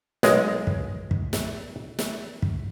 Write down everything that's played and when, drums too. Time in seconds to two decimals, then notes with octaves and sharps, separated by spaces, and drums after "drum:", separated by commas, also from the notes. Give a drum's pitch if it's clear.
0.23 B1 G#3 A#4, drum: snare
0.67 drum: kick
1.11 drum: kick
1.33 drum: snare
1.99 drum: snare
2.42 drum: kick